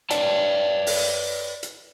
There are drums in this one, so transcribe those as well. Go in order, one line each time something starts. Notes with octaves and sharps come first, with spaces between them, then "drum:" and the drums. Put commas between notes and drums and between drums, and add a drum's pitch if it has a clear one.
B4 C#5 D5 G5 A5, drum: hi-hat
drum: open hi-hat
drum: hi-hat